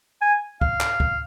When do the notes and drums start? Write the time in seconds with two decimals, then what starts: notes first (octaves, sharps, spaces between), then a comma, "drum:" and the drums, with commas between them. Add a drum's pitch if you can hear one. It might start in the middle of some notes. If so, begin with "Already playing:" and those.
0.22 G#5
0.61 F5, drum: kick
0.81 drum: clap
1.00 drum: kick